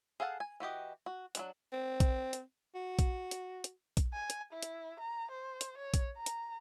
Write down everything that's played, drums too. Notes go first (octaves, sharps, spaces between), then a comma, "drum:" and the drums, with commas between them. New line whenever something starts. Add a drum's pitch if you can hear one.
G#4 A4 F5 F#5 A5
G#5
E3 F#4 G4 D#5
F#4
F#3 G#3 D4, drum: hi-hat
C4
drum: kick, hi-hat
drum: hi-hat
F#4
drum: kick, hi-hat
drum: hi-hat
drum: hi-hat
drum: kick, hi-hat
G#5
drum: hi-hat
E4
drum: hi-hat
A#5
C5
drum: hi-hat
C#5
drum: kick, hi-hat
A#5
drum: hi-hat